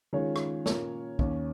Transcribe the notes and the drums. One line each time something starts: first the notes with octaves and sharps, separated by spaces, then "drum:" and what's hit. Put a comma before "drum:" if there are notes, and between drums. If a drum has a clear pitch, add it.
D#3 G#3 C#4 F4 C#5
drum: rim click
A#2 A#3 C#4 A#4 C#5, drum: snare
D#2 D#3 C#4, drum: kick